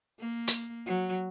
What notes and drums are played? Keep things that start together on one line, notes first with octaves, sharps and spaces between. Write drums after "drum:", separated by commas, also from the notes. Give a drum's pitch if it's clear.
A#3
drum: hi-hat
F#3